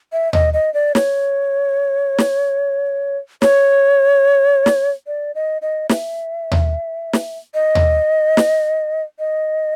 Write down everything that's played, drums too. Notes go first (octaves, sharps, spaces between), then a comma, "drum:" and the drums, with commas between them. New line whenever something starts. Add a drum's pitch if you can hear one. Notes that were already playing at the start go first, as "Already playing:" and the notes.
E5
D#5, drum: tom D#2
D#5
D5
C#5, drum: snare
drum: snare
C#5, drum: snare
drum: snare
D5
D#5
D#5
E5, drum: snare
drum: tom D#2
drum: snare
D#5
drum: tom D#2
drum: snare
D#5